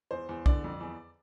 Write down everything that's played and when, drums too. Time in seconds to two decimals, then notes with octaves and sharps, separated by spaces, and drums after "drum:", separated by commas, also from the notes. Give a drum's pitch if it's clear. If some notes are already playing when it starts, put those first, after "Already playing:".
0.11 E2 C5
0.29 E2
0.46 D3 D5, drum: kick B1
0.64 F2
0.80 E2